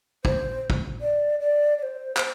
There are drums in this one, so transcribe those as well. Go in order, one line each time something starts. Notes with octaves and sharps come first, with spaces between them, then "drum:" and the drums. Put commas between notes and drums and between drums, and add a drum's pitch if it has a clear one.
C5, drum: kick
drum: kick
D5
D5
D5
C5
C5, drum: clap